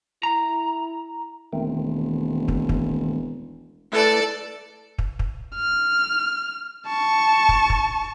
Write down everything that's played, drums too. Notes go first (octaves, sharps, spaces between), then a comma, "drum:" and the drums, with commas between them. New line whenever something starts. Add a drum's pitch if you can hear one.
E4 A#5
E1 D#3 A3 C4
drum: kick
drum: kick
A3 E4 A4 B4 D5 A5
drum: kick
drum: kick
F6
A5 C#6
drum: kick
drum: kick